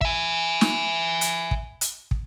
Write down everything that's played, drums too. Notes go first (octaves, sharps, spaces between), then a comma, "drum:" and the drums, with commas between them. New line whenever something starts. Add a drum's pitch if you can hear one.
E5 G#5, drum: kick
drum: snare
drum: hi-hat
drum: kick
drum: hi-hat
drum: kick